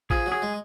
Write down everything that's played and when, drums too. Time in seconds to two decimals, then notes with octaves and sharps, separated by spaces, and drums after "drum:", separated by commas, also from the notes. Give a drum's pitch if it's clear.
0.10 F3 G#4, drum: kick A1
0.26 F#3
0.32 G#4
0.42 G#3